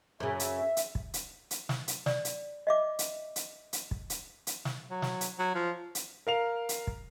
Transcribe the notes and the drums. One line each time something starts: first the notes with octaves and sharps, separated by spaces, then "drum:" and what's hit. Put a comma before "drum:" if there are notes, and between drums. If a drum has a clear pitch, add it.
F#2 C#3 E5
drum: hi-hat
drum: hi-hat
drum: kick
drum: hi-hat
drum: hi-hat
drum: snare
drum: hi-hat
D5, drum: snare
drum: hi-hat
D#5 E5 D6
drum: hi-hat
drum: hi-hat
drum: hi-hat
drum: kick
drum: hi-hat
drum: hi-hat
drum: snare
F#3
drum: snare
drum: hi-hat
F#3
F3
drum: hi-hat
A#4 F5 F7
drum: hi-hat
drum: kick